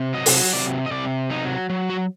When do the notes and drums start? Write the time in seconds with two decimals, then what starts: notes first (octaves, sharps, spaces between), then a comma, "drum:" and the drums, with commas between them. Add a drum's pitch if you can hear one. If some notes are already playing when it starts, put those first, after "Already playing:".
Already playing: C3
0.14 F#3 D#5
0.26 drum: open hi-hat
0.53 C3 D5
0.86 D#5
0.91 C3 D5
1.30 F#3 D#4
1.70 F#3
1.90 F#4